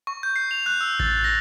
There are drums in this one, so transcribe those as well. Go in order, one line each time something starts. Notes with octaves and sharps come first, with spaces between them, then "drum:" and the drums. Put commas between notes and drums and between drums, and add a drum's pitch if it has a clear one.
C#6
G6
C7
F7
F#6
E6
A6, drum: kick A1
A#6